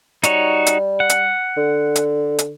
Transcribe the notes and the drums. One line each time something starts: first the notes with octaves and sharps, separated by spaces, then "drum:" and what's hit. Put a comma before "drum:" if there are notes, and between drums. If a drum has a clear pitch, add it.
G3 D#4 F#4 C#5, drum: hi-hat
drum: hi-hat
F#5
drum: hi-hat
D3
drum: hi-hat
drum: hi-hat